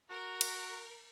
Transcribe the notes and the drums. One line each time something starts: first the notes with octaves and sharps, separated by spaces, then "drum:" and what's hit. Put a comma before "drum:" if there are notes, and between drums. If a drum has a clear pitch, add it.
F#4 A#4
drum: cymbal